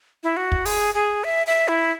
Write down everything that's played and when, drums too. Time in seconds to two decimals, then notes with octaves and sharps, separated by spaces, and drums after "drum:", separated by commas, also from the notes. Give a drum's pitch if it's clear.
0.23 E4
0.37 F#4
0.52 drum: kick
0.65 G#4, drum: open hi-hat
0.94 G#4
1.24 E5
1.47 E5
1.68 E4